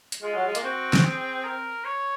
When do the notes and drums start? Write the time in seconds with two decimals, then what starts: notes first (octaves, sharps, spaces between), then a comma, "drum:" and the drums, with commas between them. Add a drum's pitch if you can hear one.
0.12 drum: hi-hat
0.23 G#3 F4
0.34 F#3
0.47 G#3
0.55 A#3, drum: hi-hat
0.63 C4 F#4
0.93 drum: snare
1.04 G#4
1.44 A#4
1.85 C#5